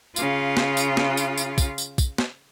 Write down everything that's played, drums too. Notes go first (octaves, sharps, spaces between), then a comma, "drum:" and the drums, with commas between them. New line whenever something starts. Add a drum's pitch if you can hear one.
C#3 F4, drum: tambourine
drum: snare
drum: tambourine
drum: snare
drum: tambourine
drum: tambourine
drum: kick, tambourine
drum: tambourine
drum: kick, tambourine
drum: snare